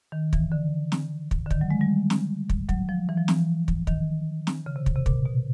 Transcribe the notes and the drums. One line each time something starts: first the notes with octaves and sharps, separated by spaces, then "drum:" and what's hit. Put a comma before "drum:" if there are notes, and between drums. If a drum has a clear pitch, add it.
D#3
E3, drum: kick
D3
drum: snare
drum: kick
D3
D#3, drum: kick
F#3
G#3
G3
drum: snare
drum: kick
F#3, drum: kick
F3
E3
F3
E3, drum: snare
drum: kick
D#3, drum: kick
drum: snare
C#3
C3
drum: kick
C3
A#2, drum: kick
B2